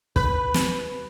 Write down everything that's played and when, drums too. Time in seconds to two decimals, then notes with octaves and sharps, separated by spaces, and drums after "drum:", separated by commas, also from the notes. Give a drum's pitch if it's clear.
0.16 B4, drum: kick
0.54 drum: snare